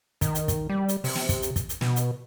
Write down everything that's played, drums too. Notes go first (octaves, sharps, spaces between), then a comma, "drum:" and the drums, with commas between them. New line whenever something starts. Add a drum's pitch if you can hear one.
D#3, drum: kick, hi-hat
drum: hi-hat
drum: kick, hi-hat
G3
drum: hi-hat
C3, drum: open hi-hat
drum: snare
drum: kick, hi-hat
drum: hi-hat
drum: kick, hi-hat
drum: hi-hat
B2, drum: snare
drum: hi-hat